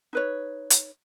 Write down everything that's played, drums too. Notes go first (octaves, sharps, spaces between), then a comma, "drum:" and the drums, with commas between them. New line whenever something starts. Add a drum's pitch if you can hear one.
D#4 B4 C#5
drum: hi-hat